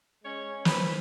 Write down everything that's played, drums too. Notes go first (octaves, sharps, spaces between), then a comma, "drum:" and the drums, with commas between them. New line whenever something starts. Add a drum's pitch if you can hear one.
G#3 C#4 C#5
E3 B4 C5 B5, drum: snare